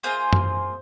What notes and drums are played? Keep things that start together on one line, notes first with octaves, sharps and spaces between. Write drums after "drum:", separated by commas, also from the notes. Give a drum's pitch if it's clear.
A#3 F4 G#4 C5
drum: tom F#2